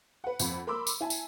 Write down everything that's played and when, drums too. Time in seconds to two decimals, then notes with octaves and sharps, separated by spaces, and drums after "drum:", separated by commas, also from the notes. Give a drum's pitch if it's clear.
0.24 B4 F#5
0.39 F2 F#5 B5, drum: tambourine
0.67 A#4 B5 C6 D6 E6
0.87 drum: tambourine
1.00 E4 G#5 A5
1.10 drum: tambourine